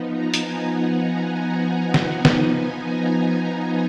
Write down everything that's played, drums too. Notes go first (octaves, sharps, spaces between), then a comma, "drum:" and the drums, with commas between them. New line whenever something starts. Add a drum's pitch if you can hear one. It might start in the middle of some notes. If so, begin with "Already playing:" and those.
Already playing: F3 B3 D#4
A#5
drum: hi-hat
G#5
F#5
G#5
G#5
F#5, drum: snare
F3 B3 D#4 G#5, drum: snare
G#5
A#5
A#5
G#5